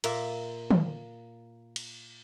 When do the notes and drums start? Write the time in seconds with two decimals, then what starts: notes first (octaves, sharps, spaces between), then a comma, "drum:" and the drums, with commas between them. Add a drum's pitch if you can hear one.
0.04 A#2 A#3 E5, drum: cymbal
0.71 drum: tom
1.76 drum: cymbal